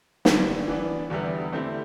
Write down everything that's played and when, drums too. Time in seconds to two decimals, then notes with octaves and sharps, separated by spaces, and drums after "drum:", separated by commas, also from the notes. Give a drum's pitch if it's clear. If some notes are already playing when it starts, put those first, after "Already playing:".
0.25 D3 G3 B3 D4, drum: snare
0.67 E3 B3 D4
1.10 E2 D3 G3 B3 E4
1.52 D3 A3 C4 E4 G4